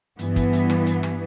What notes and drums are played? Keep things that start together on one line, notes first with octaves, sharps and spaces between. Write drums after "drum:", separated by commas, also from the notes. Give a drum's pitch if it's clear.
G2 E3 B3, drum: hi-hat
drum: kick, hi-hat
drum: hi-hat
drum: rim click
drum: hi-hat
drum: rim click